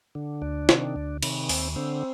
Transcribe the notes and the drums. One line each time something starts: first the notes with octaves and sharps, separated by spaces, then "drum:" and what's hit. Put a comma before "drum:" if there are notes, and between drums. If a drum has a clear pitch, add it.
D3
D2 D4
C3 D#3, drum: snare
D2
C3 D#3, drum: cymbal
D#2 C4, drum: open hi-hat
D3 C4